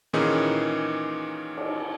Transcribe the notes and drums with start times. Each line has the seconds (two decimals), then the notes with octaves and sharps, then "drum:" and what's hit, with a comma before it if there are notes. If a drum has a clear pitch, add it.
0.13 A#2 D#3 E3 C#4 D#4 G#4
1.57 drum: cymbal